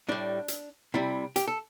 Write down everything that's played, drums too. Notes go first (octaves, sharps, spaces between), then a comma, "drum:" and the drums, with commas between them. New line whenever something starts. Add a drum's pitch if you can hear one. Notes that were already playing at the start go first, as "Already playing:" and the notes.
A2 G3 D4
drum: hi-hat
C3 G3 E4
G4, drum: hi-hat
A4